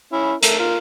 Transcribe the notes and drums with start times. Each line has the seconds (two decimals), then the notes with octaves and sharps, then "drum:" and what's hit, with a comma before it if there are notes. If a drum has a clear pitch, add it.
0.13 C#4 E4
0.43 A3 A#4, drum: hi-hat
0.59 F4 A#4